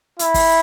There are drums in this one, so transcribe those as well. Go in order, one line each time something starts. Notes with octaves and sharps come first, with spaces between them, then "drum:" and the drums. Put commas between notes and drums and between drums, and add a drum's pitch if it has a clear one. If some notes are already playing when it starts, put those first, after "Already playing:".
E4, drum: hi-hat
drum: kick, open hi-hat